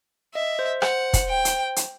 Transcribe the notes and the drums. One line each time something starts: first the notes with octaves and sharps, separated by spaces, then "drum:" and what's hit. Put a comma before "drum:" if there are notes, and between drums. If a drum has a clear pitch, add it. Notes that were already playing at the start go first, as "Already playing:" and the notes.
D#5 E5
C5
C5 F#5, drum: rim click
drum: kick, hi-hat
G5
drum: hi-hat
drum: hi-hat